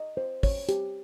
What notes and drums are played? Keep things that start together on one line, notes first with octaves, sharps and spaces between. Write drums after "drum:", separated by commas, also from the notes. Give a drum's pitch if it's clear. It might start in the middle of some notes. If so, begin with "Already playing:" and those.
Already playing: D#5
C5
C#5, drum: kick, open hi-hat
G4, drum: hi-hat